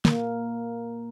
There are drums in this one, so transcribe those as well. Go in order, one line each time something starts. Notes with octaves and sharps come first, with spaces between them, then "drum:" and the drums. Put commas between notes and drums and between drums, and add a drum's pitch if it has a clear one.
A#3, drum: snare